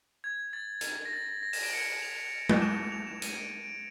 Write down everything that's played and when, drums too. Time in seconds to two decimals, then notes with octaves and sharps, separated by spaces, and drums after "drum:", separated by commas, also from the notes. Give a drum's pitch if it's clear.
0.24 G#6
0.53 A6
0.81 drum: hi-hat
1.05 A#6
1.13 A6
1.28 A6
1.43 A#6
1.53 E7, drum: open hi-hat
1.63 D7
1.73 C#7
1.88 C#7
2.02 F7
2.49 drum: tom G#3
2.62 E7
2.92 F7
3.07 E7
3.22 D#7, drum: hi-hat
3.37 D7
3.50 D#7
3.64 D7